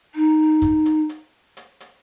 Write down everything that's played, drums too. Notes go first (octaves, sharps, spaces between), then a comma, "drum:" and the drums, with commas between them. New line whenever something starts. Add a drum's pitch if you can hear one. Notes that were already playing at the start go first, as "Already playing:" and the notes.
D#4
drum: kick, hi-hat
drum: hi-hat
drum: hi-hat
drum: hi-hat
drum: hi-hat